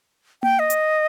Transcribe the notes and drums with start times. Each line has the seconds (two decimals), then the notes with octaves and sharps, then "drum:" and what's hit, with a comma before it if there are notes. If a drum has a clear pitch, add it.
0.43 G5, drum: tom A#3
0.59 D#5
0.70 drum: hi-hat